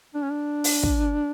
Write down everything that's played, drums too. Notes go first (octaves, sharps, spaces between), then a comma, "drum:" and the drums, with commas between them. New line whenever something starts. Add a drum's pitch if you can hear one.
D4
C#4
D4
drum: open hi-hat
drum: kick